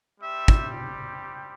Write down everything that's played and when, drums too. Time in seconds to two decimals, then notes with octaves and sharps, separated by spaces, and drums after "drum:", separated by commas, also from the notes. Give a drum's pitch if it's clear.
0.20 G3 C4 G4 E5
0.48 drum: kick